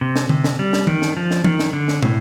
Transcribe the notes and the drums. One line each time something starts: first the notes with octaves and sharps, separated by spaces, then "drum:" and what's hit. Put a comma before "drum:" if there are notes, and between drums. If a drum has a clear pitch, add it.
C3
drum: snare
C3, drum: tom D3
drum: snare
G3
drum: snare
D#3, drum: tom E3
drum: snare
F3
drum: snare
D#3, drum: tom E3
drum: snare
D3
drum: snare
A2, drum: tom